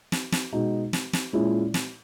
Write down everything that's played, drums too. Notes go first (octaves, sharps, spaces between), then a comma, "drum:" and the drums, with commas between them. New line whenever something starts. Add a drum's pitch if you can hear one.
drum: snare
drum: snare
B2 G#3 D#4 F#4
drum: snare
drum: snare
A#2 G#3 C#4 E4
drum: snare